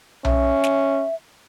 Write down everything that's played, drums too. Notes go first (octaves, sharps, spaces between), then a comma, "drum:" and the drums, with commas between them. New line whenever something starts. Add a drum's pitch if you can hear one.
C#4 E5, drum: tom B1
drum: snare